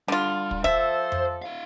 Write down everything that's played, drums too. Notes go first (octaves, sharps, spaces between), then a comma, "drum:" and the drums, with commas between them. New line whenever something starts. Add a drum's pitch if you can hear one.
D3 G3 F4
drum: kick
F3 A4 C5 E5, drum: kick
drum: tom F2
E4 F5